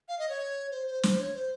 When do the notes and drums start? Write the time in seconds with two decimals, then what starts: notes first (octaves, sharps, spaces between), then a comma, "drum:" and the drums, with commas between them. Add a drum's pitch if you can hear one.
0.08 F5
0.19 D#5
0.29 C#5
0.71 C5
0.87 C5
1.03 C5, drum: snare
1.19 C#5
1.34 C5